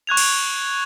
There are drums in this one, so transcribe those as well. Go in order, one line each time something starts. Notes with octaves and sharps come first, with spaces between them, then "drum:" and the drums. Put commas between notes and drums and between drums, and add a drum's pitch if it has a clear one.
C#6 F#6 G#6 F7
drum: cymbal